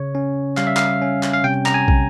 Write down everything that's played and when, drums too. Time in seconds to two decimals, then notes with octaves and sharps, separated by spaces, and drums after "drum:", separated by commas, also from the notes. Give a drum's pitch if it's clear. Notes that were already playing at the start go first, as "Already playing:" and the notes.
Already playing: C#3 C#5
0.15 C#4
0.57 G3 F5, drum: clap
0.67 E5
0.76 F5, drum: clap
1.02 C#4
1.23 drum: clap
1.33 F5
1.44 C3 G5
1.66 A#5, drum: clap
1.74 G#5
1.88 drum: kick